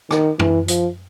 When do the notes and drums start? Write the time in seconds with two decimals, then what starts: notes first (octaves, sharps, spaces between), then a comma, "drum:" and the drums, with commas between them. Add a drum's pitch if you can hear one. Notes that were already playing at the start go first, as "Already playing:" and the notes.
0.11 D#3, drum: rim click
0.39 E3, drum: tom
0.68 F3, drum: hi-hat